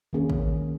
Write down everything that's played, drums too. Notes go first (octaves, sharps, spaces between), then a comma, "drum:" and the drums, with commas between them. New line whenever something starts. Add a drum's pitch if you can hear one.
D#3 A#3 C#4 G#4
drum: kick